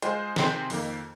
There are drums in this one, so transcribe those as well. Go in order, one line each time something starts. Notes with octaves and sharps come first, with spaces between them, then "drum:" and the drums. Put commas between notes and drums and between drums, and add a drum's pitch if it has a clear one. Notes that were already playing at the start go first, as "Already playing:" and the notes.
G#3 F4 G#4 C5, drum: hi-hat
C3 D#3 C4 G#4 C5, drum: snare
F2 D#3 A#3, drum: open hi-hat